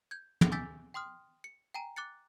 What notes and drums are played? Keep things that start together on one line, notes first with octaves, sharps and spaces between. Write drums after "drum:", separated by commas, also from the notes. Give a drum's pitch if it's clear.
G6 G#6
drum: tom
G#5 D6 E6 G6 A6 B6
G5 C6 D#6 F6
C#7
G5 G#5 A#5 D#7
D6 F#6 A6 C#7